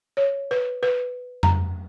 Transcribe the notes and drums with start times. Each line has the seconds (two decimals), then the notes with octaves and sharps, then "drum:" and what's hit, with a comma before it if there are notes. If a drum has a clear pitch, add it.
0.17 C#5
0.51 B4
0.83 B4
1.43 A#5, drum: tom F2